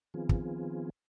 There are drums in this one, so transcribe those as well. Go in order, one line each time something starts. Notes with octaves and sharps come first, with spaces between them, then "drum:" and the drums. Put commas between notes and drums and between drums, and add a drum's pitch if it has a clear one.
D#3 F3 B3 C4 F4 G#4
drum: kick